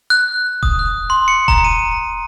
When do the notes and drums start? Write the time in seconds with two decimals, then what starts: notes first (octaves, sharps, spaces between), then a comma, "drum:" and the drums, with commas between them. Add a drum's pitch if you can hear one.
0.10 F#6
0.63 D#6, drum: kick D#1
0.79 F#6
1.10 C6
1.28 C#7
1.48 A#5, drum: kick D#1
1.65 D#7